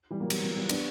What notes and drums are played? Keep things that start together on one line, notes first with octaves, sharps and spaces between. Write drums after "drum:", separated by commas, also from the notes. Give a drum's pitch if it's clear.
E3 G3
F#3 A#3
G3 B3, drum: cymbal
F#3 A#3
G3 B3
B3 D4, drum: cymbal